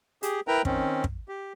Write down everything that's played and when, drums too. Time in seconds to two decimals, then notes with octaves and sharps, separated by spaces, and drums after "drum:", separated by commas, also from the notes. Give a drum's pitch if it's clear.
0.23 G4 G#4, drum: hi-hat
0.48 E4 A#4 B4 G5 A#5
0.65 D#3 C4 C#4, drum: kick
1.04 drum: kick
1.28 G4